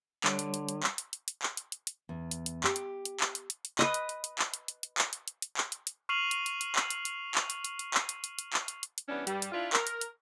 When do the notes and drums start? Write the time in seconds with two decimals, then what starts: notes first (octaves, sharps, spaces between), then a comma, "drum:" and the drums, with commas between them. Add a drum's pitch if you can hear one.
0.24 D3 G3 C#5, drum: clap
0.39 drum: hi-hat
0.54 drum: hi-hat
0.69 drum: hi-hat
0.83 drum: clap
0.98 drum: hi-hat
1.13 drum: hi-hat
1.28 drum: hi-hat
1.43 drum: clap
1.57 drum: hi-hat
1.72 drum: hi-hat
1.87 drum: hi-hat
2.09 E2
2.31 drum: hi-hat
2.46 drum: hi-hat
2.64 G4, drum: clap
2.76 drum: hi-hat
3.05 drum: hi-hat
3.20 drum: clap
3.35 drum: hi-hat
3.50 drum: hi-hat
3.65 drum: hi-hat
3.79 B4 D#5, drum: clap
3.94 drum: hi-hat
4.09 drum: hi-hat
4.24 drum: hi-hat
4.39 drum: clap
4.54 drum: hi-hat
4.68 drum: hi-hat
4.83 drum: hi-hat
4.98 drum: clap
5.13 drum: hi-hat
5.28 drum: hi-hat
5.42 drum: hi-hat
5.57 drum: clap
5.72 drum: hi-hat
5.87 drum: hi-hat
6.09 C#6 F6 C7 D#7 F7 F#7
6.31 drum: hi-hat
6.46 drum: hi-hat
6.61 drum: hi-hat
6.76 drum: clap
6.90 drum: hi-hat
7.05 drum: hi-hat
7.35 drum: clap
7.50 drum: hi-hat
7.65 drum: hi-hat
7.79 drum: hi-hat
7.94 drum: clap
8.09 drum: hi-hat
8.24 drum: hi-hat
8.39 drum: hi-hat
8.53 drum: clap
8.68 drum: hi-hat
8.83 drum: hi-hat
8.98 drum: hi-hat
9.09 E3 G3 B3 C#4 D4
9.27 G2 G3, drum: hi-hat
9.42 drum: hi-hat
9.52 D4 E4 F4
9.73 A#4, drum: clap
9.87 drum: hi-hat
10.01 drum: hi-hat